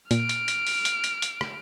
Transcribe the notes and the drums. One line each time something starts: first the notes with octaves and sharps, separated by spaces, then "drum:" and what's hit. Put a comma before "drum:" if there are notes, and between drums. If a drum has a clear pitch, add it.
A#2 F6 D7, drum: hi-hat
drum: hi-hat
drum: hi-hat
drum: open hi-hat
drum: hi-hat
drum: hi-hat
drum: hi-hat
drum: rim click